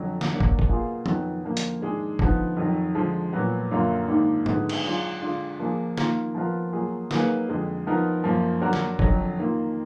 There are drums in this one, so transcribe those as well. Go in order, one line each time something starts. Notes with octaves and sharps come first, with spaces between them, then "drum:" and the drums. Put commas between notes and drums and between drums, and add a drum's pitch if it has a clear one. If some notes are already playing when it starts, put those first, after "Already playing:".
Already playing: F2 D3 F#3
drum: snare
F#3 A#3 D4
drum: kick
drum: kick
B2 A#3 F4 G#4
F2 D#3 F#3 B3, drum: tom
D3 F3 A#3
drum: hi-hat
G#2 D#3 G#3 D4 G#4
D3 F3 B3 D#4, drum: kick
F2 D#3 F#3
D3 F3 G#3
A#2 F#3 B3
F#2 D3 F#3 A#3 F4
G#2 D#3 A#3 D4
D3 G#3 B3 D#4, drum: tom G#2
drum: cymbal
F#3 D4 F4 G#4
D3 G#3 D4 F4
F3 A#3 D4 F4 G#4
D#3 A#3 F4 A#4, drum: snare
F3 B3 F4 A#4
F#3 A#3 F4 G#4
F#3 A#3 D#4 G#4 B4, drum: snare
F2 D3 G#3
F3 B3 D#4 A#4
F#2 F3 A#3
F#3 D4 F#4 A#4
drum: snare
F2 D3 F#3, drum: kick
D#3 A#3 F4